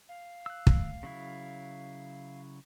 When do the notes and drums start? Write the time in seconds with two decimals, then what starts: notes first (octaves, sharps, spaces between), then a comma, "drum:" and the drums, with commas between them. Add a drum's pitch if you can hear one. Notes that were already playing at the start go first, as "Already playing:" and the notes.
0.09 F5
0.46 E6 F#6
0.67 drum: kick
1.03 C#3 F#3 E4